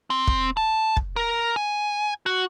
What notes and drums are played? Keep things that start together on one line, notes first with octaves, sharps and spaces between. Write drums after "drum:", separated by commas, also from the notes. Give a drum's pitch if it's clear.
C4
drum: kick
A5
drum: kick
A#4
G#5
F#4